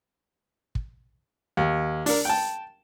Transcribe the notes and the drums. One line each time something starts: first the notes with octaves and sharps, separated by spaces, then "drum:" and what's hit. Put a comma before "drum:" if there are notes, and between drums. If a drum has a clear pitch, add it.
drum: kick
D#2
D4 A#4, drum: open hi-hat
G5 A5